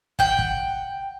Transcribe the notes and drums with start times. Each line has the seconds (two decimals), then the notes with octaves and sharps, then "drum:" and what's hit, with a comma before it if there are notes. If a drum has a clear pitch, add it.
0.19 F#5 G5, drum: kick
0.39 drum: kick